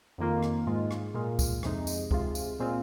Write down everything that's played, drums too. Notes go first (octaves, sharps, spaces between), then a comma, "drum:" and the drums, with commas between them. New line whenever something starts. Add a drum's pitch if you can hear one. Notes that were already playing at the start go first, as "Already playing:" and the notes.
F2 D#3 A#3 F4
drum: rim click
G#2 G#3 F4
drum: rim click
A#2 G#3 F4
drum: kick, tambourine
F2 C3 G#3 D#4, drum: rim click
drum: tambourine
C3 G#3 F4, drum: kick
drum: tambourine
A#2 G#3 C4 F4